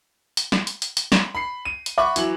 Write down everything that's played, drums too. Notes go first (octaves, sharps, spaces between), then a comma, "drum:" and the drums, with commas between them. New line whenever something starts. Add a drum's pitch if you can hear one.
drum: hi-hat
drum: snare
drum: hi-hat
drum: hi-hat
drum: hi-hat
drum: snare
B5 C7
D#7
drum: hi-hat
E5 F#5 B5 C#6 D6
E3 F#3 F#7, drum: hi-hat